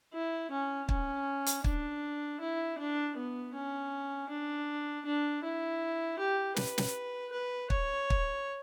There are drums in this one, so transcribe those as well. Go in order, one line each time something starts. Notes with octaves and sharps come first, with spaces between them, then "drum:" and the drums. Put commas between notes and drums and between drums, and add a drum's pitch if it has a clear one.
E4
C#4
C#4, drum: kick
drum: hi-hat
D4, drum: kick
E4
D4
B3
C#4
D4
D4
E4
G4
B4, drum: snare
drum: snare
B4
C#5, drum: kick
drum: kick